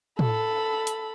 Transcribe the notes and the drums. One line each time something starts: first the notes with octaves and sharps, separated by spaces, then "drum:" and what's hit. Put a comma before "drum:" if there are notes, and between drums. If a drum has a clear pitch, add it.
A4 B5, drum: tom
drum: hi-hat